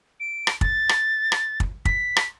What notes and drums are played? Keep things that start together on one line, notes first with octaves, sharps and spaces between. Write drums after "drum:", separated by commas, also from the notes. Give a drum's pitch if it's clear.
D7
drum: rim click
A6, drum: kick
drum: rim click
drum: rim click
drum: kick
B6, drum: kick
drum: rim click